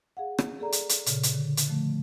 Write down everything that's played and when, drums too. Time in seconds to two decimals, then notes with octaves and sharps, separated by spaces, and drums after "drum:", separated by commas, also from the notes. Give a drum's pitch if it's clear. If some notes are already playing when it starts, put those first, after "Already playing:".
0.17 G#4 F5 F#5
0.39 drum: rim click
0.60 G#4 A4 D5 A#5
0.72 drum: hi-hat
0.89 drum: hi-hat
1.06 A#2 C#3, drum: hi-hat
1.23 drum: hi-hat
1.34 D3
1.57 drum: hi-hat
1.68 D3 F3 A3